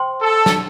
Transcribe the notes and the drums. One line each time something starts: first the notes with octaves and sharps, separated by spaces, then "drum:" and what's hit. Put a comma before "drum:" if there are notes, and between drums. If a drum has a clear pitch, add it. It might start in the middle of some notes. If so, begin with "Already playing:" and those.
Already playing: C5 G5 C6
A4
drum: snare